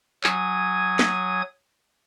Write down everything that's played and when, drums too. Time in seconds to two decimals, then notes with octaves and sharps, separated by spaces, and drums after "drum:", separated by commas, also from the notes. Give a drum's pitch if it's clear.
0.24 F#3 G#5 D#6 G#6, drum: clap
0.99 drum: snare